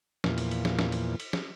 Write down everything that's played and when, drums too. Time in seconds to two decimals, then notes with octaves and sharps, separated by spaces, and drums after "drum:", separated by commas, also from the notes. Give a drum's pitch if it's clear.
0.24 E2 A#2 F3, drum: snare
0.38 drum: cymbal
0.51 drum: cymbal
0.65 drum: snare
0.79 drum: snare
0.92 drum: cymbal
1.20 drum: cymbal
1.33 drum: snare